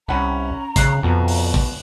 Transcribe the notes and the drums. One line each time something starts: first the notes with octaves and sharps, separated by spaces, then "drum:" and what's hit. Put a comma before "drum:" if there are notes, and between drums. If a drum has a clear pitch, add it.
C2 C#4 F#5 A#5 B5
C#3 F#6 C7, drum: kick, hi-hat
F2 B2
drum: open hi-hat
drum: kick